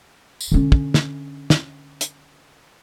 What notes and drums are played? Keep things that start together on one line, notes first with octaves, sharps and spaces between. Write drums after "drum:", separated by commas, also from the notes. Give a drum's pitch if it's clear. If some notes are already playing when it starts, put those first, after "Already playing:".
drum: tambourine
D3 C#4
drum: kick
drum: snare
drum: snare
drum: hi-hat